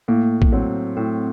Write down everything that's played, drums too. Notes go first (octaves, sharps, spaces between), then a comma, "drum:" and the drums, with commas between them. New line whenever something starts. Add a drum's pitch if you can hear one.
A2 A#3
drum: kick
F#3 C4
A2 C4